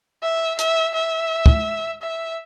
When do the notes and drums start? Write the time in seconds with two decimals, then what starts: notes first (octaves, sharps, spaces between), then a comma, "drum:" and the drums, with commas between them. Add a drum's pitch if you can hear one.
0.23 E5
0.59 E5, drum: hi-hat
0.95 E5
1.46 drum: kick
2.02 E5